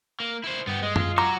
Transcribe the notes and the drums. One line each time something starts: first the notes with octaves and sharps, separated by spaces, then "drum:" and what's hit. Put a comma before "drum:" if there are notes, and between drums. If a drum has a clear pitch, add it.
A#3
E4 C5
G2 B3 G4
G#3 D#5
F4, drum: tom F#2
F#4 C#5 A#5 D6